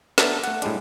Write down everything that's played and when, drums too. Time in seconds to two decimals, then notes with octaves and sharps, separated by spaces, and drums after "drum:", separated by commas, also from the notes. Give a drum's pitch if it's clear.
0.18 B3 D4 A4 A#4 E5 A5, drum: snare
0.44 A3 F#5, drum: hi-hat
0.62 A2 G3 G#3 D4, drum: hi-hat